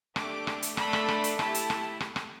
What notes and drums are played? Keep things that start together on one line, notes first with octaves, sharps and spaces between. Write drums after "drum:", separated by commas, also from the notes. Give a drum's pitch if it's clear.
A3 D4 G4 D6, drum: rim click
drum: rim click
drum: hi-hat
A3 D4 A4 B5, drum: rim click
drum: rim click
drum: rim click
drum: hi-hat
A3 E4 G4 A5, drum: rim click
drum: hi-hat
drum: rim click
drum: rim click
drum: rim click